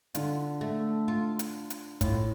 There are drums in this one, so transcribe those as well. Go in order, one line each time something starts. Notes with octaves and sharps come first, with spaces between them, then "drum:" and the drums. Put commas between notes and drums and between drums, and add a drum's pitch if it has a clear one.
D3 F4, drum: hi-hat
A3
F4
drum: hi-hat
drum: hi-hat
A2 F4, drum: kick, hi-hat